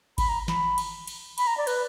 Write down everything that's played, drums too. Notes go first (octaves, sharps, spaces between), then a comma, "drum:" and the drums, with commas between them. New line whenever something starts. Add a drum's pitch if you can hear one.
B5, drum: kick G#1, cymbal
A#5
B5, drum: snare
drum: cymbal
drum: cymbal
B5, drum: cymbal
A#5
D5
B4, drum: cymbal